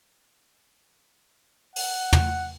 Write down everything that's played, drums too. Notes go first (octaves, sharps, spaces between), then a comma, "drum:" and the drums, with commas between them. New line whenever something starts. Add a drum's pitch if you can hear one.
F#5, drum: open hi-hat
drum: tom